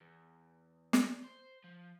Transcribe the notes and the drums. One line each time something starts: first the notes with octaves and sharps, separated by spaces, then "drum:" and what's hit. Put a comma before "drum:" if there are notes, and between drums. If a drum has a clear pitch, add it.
E2
drum: snare
C5
F3